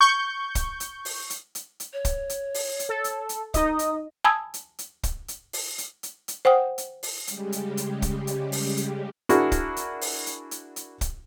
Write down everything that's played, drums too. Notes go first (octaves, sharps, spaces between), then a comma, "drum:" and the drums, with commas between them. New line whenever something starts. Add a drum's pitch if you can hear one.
C#6 G6
drum: kick, hi-hat
drum: hi-hat
drum: open hi-hat
drum: hi-hat
drum: hi-hat
drum: hi-hat
C#5
drum: kick, hi-hat
drum: hi-hat
drum: open hi-hat
drum: hi-hat
A4
drum: hi-hat
drum: hi-hat
D#4 D#5 D#6, drum: kick, hi-hat
drum: hi-hat
G#5 A5 B5 D#6 E6 G#6
drum: hi-hat
drum: hi-hat
drum: kick, hi-hat
drum: hi-hat
drum: open hi-hat
drum: hi-hat
drum: hi-hat
drum: hi-hat
C5 F#5 G5 D#6
drum: hi-hat
drum: open hi-hat
C#3 G3 G#3 G4, drum: hi-hat
drum: hi-hat
drum: hi-hat
drum: kick, hi-hat
drum: hi-hat
drum: open hi-hat
drum: hi-hat
D4 E4 F#4 G#4 A#4, drum: hi-hat
drum: kick, hi-hat
drum: hi-hat
drum: open hi-hat
drum: hi-hat
drum: hi-hat
drum: hi-hat
drum: kick, hi-hat